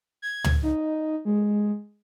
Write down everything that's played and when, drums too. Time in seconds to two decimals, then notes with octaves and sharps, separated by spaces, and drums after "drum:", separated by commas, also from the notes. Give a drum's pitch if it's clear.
0.22 G#6
0.44 drum: tom
0.63 D#4
1.25 G#3